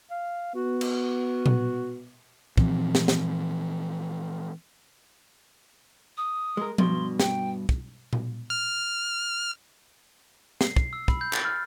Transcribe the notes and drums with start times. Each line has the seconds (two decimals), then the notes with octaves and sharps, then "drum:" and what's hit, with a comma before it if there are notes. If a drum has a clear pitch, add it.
0.11 F5
0.55 B3 F#4
0.81 drum: cymbal
1.46 drum: tom A#2
2.58 A#2 E3 F3 C4, drum: kick
2.95 drum: snare
3.08 drum: snare
6.17 D#6
6.57 G#3 A#4
6.78 G2 B2 C6, drum: tom F3
7.20 G5, drum: snare
7.69 drum: kick
8.13 drum: tom A#2
8.50 F6
10.61 C7, drum: snare
10.76 C7, drum: kick
10.93 E6
11.08 B5, drum: kick
11.21 G6
11.33 A6, drum: clap
11.45 F6